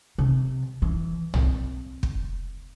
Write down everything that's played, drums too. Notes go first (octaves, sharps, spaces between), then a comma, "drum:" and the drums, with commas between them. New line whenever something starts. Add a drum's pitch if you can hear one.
C3
E3
C4, drum: tom
drum: kick